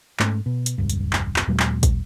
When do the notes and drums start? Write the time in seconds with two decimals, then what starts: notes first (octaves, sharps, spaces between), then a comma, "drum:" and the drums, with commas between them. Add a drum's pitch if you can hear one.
0.20 G#2 A3 C#4, drum: clap
0.46 B2
0.66 drum: hi-hat
0.78 E1 C#2 G2
0.90 drum: hi-hat
1.13 drum: clap
1.36 drum: clap
1.47 D#2 A#2 F#3 G#3
1.60 drum: clap
1.83 drum: kick, hi-hat